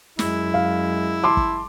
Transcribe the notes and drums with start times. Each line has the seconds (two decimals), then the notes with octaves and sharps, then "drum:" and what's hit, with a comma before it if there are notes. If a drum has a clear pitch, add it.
0.19 F#2 G#3 E4, drum: snare
0.54 F5
1.24 A5 C6 D6
1.37 drum: kick G1